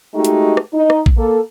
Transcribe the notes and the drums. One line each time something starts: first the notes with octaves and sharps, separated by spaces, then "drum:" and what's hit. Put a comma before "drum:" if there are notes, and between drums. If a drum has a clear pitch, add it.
G#3 A3 D#4 F#4 G4
drum: hi-hat
drum: rim click
D#4
drum: rim click
drum: kick A#1
A#3 A4